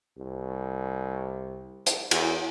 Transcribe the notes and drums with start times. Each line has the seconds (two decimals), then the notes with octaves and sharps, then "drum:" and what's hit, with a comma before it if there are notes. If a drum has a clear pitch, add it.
0.18 C2
1.86 drum: hi-hat
2.11 E2, drum: cymbal